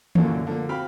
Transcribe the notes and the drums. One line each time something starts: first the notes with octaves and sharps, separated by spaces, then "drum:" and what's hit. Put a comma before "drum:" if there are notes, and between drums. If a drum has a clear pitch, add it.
F#2 A#2 D3 E3 A#3 C#4, drum: tom D#3
D3 F3 A#3
C4 F#4 F5 G5 B5 F6